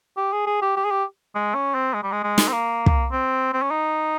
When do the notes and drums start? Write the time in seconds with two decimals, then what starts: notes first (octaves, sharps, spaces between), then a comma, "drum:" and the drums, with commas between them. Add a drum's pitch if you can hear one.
0.17 G4
0.33 G#4
0.47 G#4
0.62 G4
0.76 G4
0.85 G#4
0.91 G4
1.35 G#3
1.55 C#4
1.75 C4
1.94 G#3
2.03 G3
2.12 G#3
2.23 G#3
2.38 drum: snare
2.48 C4
2.53 A#3
2.86 drum: kick
3.12 C4
3.53 C4
3.62 C#4
3.71 D#4